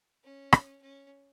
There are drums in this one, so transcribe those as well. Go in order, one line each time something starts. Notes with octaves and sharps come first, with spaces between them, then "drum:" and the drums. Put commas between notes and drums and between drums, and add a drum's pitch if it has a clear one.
C#4
drum: rim click
C#4